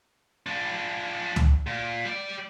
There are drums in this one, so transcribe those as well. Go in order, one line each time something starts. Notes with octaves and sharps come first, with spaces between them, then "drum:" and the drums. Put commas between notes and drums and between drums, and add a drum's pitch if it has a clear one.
F3 D4
drum: tom C#2
A#2
G3 D5